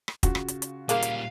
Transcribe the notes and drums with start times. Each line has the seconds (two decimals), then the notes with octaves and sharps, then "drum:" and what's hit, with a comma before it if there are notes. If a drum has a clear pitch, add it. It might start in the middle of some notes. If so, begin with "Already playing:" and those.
0.08 drum: rim click
0.23 C#3 F4 F#4, drum: kick, hi-hat
0.35 drum: rim click
0.48 drum: hi-hat
0.62 drum: hi-hat
0.89 A#2 G3 G#3 A#3 A#4 F5, drum: hi-hat
1.03 drum: hi-hat